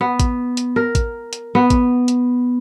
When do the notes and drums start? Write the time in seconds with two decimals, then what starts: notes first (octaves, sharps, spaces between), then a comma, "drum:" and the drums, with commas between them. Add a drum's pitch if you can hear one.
0.01 B3
0.20 drum: kick, hi-hat
0.57 drum: hi-hat
0.76 A#4
0.95 drum: kick, hi-hat
1.33 drum: hi-hat
1.55 B3
1.70 drum: kick, hi-hat
2.08 drum: hi-hat